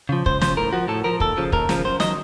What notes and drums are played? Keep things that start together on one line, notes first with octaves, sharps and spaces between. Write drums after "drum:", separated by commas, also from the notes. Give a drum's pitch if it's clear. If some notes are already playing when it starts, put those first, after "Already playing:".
C#3 F3
C#2 C5, drum: kick
C#3 F3 C5, drum: snare
A2 A#4
F3 F#4
A2 A4
F3 A#4
D#2 A4, drum: kick
C#3 F3
D#2 A#4, drum: kick
C#3 F3, drum: snare
F#2 C5
D#3 F#3 D#5, drum: snare